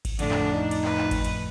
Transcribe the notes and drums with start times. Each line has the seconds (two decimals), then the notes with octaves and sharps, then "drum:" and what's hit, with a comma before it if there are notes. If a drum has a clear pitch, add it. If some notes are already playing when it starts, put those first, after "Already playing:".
0.05 drum: kick G#1, cymbal
0.19 F2 A2 D3 D4, drum: cymbal
0.31 drum: clap
0.54 D#4
0.71 drum: cymbal
0.85 B4, drum: clap
0.98 drum: clap
1.11 drum: kick G#1, cymbal
1.25 drum: cymbal